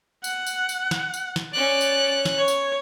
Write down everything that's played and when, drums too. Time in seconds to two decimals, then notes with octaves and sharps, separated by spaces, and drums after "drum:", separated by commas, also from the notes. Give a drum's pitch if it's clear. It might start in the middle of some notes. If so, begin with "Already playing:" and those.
0.24 F#5, drum: tambourine
0.46 drum: tambourine
0.69 drum: tambourine
0.91 drum: snare
1.14 drum: tambourine
1.36 drum: snare
1.54 C#4 D5 F#6
1.81 drum: tambourine
2.25 drum: snare
2.38 C#5
2.48 drum: tambourine